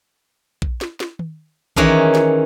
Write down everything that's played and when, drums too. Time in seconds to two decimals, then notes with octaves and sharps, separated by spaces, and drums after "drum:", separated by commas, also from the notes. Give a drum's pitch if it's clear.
0.62 drum: kick A#1
0.81 drum: snare
1.00 drum: snare
1.19 drum: tom D#3
1.76 D#3 E3 C#4 G#4 A#4 C6, drum: kick A#1
2.15 drum: snare